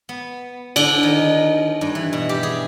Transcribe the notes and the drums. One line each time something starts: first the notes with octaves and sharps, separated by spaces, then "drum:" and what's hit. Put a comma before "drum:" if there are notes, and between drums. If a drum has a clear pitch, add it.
B3
D3, drum: cymbal
D#3
G2
E3
B2
G4
G#4